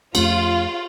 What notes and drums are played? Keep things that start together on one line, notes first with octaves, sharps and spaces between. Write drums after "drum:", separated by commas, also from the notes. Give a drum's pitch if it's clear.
F2 A3 C#4 F4, drum: cymbal